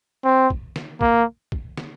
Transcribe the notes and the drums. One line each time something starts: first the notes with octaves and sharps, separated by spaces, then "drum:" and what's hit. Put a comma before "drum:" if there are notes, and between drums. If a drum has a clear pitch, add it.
C4
drum: kick
drum: snare
A#3, drum: kick
drum: kick
drum: snare